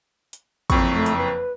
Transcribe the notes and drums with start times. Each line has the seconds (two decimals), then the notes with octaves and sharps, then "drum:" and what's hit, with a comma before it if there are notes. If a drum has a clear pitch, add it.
0.33 drum: hi-hat
0.70 F#1 F2 C#6, drum: kick, hi-hat
0.94 A3
1.06 drum: hi-hat
1.17 B4